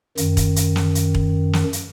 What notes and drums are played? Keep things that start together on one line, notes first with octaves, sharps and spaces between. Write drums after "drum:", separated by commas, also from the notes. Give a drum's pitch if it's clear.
F#2 D#3, drum: hi-hat
drum: kick E1, hi-hat
drum: hi-hat
drum: snare
drum: hi-hat
drum: kick E1
drum: snare
drum: hi-hat